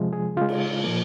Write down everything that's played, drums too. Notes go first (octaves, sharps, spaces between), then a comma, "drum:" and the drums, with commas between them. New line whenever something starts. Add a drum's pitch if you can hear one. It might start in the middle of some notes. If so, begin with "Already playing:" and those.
Already playing: C3 F3 G#3
G#4
C#3 G#3 F4
drum: cymbal
A#2 F3 A#3